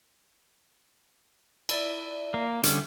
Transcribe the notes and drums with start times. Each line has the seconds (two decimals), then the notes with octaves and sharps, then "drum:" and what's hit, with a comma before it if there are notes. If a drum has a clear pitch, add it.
1.69 E4 D5 E5, drum: cymbal
2.34 A#3
2.63 D3 G3 A3 C#4, drum: hi-hat